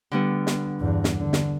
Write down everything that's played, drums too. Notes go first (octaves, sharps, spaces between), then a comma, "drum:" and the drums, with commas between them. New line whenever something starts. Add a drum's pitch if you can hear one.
D3 G3 B3
drum: snare
E2 G2
drum: snare
D3
drum: snare